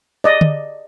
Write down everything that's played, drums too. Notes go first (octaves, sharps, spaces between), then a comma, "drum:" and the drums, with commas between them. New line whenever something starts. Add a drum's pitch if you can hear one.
D5 D#5
drum: tom D3